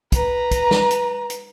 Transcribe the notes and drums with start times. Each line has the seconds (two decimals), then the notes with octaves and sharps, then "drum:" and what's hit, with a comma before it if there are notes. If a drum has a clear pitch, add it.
0.12 B4 A#5, drum: kick, hi-hat
0.51 drum: kick, hi-hat
0.71 drum: snare
0.91 drum: hi-hat
1.30 drum: hi-hat